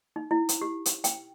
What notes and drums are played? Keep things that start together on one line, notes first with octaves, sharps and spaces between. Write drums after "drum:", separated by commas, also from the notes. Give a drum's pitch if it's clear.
D#4
E4
drum: hi-hat
G4
drum: hi-hat
G5, drum: hi-hat